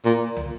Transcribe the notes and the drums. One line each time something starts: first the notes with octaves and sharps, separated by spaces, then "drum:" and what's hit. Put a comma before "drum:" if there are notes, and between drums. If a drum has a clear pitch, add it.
A#2
drum: tom